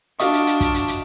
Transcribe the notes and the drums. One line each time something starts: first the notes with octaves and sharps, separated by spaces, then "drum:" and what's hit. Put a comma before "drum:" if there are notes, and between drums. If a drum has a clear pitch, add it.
D4 F4 F#4 D#5 E5 C#6 D#6, drum: hi-hat
drum: hi-hat
drum: hi-hat
drum: kick, hi-hat
drum: hi-hat
drum: hi-hat